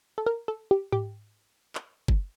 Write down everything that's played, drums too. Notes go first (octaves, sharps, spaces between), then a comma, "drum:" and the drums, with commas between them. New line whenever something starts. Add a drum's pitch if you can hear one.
A4
A#4
A4
G4
G4, drum: tom G#2
drum: clap
drum: kick F#1